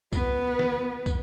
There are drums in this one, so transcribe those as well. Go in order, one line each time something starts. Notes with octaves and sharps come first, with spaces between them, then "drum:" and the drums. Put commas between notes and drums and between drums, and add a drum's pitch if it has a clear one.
B3 B4, drum: kick, tambourine
drum: snare
drum: kick, tambourine